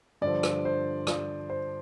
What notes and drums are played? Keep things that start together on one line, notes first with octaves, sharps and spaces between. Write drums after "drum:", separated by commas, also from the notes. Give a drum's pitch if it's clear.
G2 D3 F3 D5
drum: rim click
C5
D5, drum: rim click
C5